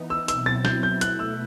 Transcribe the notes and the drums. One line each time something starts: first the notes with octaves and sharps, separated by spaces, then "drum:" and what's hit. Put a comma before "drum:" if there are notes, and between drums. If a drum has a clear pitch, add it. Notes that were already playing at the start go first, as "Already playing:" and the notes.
Already playing: E3 B3 D#4
E6
B2 F#3 C4 E4 E6, drum: hi-hat
A6
G6, drum: snare
G6
B2 A3 E4 F#6, drum: hi-hat
E6